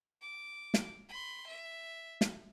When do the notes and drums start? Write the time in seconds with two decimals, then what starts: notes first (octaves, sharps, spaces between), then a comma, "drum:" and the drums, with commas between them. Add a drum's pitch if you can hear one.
0.22 D6
0.74 drum: snare
1.09 B5 C6
1.47 E5
2.21 drum: snare